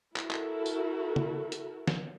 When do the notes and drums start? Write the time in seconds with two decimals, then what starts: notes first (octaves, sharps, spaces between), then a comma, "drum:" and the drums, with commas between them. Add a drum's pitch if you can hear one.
0.16 E4 F#4 A4 A#4, drum: clap
0.31 drum: clap
0.66 drum: tambourine
1.16 drum: tom
1.52 drum: hi-hat
1.88 drum: snare